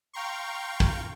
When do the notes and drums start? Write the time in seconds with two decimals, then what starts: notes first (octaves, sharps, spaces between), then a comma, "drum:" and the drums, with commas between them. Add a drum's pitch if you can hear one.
0.13 F5 G5 A#5 C6 C#6
0.80 drum: kick